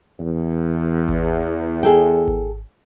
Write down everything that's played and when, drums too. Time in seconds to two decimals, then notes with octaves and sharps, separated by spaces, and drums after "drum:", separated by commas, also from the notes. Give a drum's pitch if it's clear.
0.19 E2
1.08 drum: kick G#1
1.83 G#4 A4 G5
2.28 drum: kick G#1